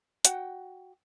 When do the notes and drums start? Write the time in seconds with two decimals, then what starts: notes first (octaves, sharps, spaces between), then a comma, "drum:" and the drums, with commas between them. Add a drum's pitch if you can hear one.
0.25 F#4 F#5 G5, drum: hi-hat